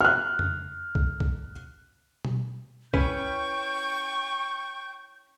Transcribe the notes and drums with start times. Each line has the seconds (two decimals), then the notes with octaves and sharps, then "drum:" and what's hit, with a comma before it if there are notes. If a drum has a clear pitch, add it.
0.01 F6 F#6
0.39 drum: tom F2
0.95 drum: kick C2
1.20 drum: kick C2
2.25 drum: tom B2
2.94 C#4 E4 B4 G5 C#6 G6, drum: kick C2